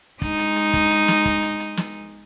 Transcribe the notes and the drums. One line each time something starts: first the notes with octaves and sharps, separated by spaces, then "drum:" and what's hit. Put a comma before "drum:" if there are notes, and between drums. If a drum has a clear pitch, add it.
G#3 D#4, drum: kick, hi-hat
drum: hi-hat
drum: hi-hat
drum: kick, hi-hat
drum: hi-hat
drum: snare
drum: kick, hi-hat
drum: hi-hat
drum: hi-hat
drum: snare